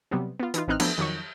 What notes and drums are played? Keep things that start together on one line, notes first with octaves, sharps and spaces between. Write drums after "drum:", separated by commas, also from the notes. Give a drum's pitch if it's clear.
C3 F#3 G3 B3 C4
B3 F4
E3 D#4 F4, drum: hi-hat
A1 E3 C4 D#4 F6 F#6
F3 F#3 A3 B3 D4 E4, drum: cymbal
F2 D#3 F#3 C#6